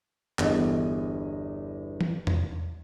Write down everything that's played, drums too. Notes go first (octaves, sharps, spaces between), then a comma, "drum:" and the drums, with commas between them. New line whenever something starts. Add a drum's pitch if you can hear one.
G1 E2 D#5, drum: clap
drum: tom E3
drum: tom E2